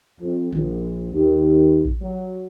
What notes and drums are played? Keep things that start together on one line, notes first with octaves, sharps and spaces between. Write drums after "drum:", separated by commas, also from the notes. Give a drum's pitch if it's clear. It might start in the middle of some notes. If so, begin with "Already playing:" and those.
F2
A#1, drum: tom D3
D#2
drum: kick A1
F#3